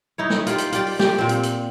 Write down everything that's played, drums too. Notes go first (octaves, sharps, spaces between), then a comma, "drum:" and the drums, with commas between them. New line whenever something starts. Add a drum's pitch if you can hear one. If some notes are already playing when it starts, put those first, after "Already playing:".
D#4 E4 C#5
drum: snare
F4 G4 C5, drum: hi-hat
drum: hi-hat
F4 G4 D5, drum: hi-hat
drum: open hi-hat
G4, drum: snare
A#2 C4
drum: hi-hat
drum: hi-hat